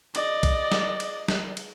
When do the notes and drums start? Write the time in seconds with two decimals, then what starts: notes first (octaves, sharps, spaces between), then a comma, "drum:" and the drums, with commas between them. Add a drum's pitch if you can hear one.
0.15 D5 D#5, drum: cymbal
0.43 drum: kick B1, cymbal
0.72 drum: snare
1.00 drum: cymbal
1.28 drum: snare
1.57 drum: cymbal